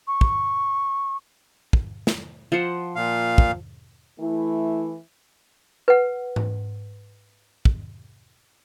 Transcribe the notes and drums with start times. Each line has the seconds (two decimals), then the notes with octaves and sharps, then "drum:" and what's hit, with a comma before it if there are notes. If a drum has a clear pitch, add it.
0.07 C#6
0.21 drum: kick
1.73 drum: kick
2.07 drum: snare
2.52 F3 C5 F#5
2.95 A#2 F5
3.38 drum: kick
4.19 E3 A3 E4
5.88 B4 F#5
6.36 drum: tom G#2
7.65 drum: kick